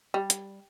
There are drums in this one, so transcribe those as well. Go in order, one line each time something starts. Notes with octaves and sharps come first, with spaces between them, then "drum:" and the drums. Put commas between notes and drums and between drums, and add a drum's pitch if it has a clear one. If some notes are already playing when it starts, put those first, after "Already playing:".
G3
drum: hi-hat